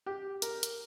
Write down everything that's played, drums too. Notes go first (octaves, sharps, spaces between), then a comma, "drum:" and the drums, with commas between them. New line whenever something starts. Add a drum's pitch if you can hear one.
G4
A#4, drum: hi-hat
drum: hi-hat